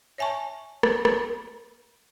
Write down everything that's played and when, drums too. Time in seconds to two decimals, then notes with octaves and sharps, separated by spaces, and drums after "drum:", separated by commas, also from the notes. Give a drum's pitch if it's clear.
0.18 C#5 E5 G#5 A5 C#6
0.83 drum: rim click
1.05 drum: rim click